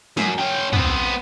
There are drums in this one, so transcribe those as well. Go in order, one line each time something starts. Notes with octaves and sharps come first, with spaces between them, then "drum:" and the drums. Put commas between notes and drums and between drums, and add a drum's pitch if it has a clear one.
F#2, drum: snare
C#4 G5
B3 C4, drum: tom